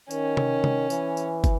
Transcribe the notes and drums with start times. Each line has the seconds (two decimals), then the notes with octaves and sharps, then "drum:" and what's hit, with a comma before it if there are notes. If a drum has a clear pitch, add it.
0.11 D#3 C#4, drum: tambourine
0.37 drum: tom C3
0.64 drum: tom
0.90 E3, drum: tambourine
1.17 drum: tambourine
1.44 drum: kick, tambourine